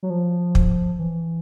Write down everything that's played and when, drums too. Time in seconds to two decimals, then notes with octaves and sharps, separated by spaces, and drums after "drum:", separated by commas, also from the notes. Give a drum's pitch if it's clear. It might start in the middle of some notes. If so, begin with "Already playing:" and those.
0.03 F#3
0.10 F3
0.55 drum: kick
0.99 E3